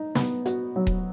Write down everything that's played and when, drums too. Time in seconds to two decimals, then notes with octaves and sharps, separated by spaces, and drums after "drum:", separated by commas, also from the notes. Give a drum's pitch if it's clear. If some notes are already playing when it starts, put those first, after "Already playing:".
Already playing: D#4
0.15 B3, drum: snare
0.46 F#4, drum: hi-hat
0.76 F#3
0.87 drum: kick D#1